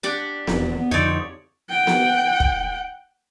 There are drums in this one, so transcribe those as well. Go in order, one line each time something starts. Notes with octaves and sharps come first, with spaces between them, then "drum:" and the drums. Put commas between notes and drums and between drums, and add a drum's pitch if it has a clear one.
D4 G4 F#5
D#1 E2 C4, drum: snare B3
B3
F2 D3 F3 C4 D#4 C#5 D5
F#5 G5
drum: snare B3
drum: kick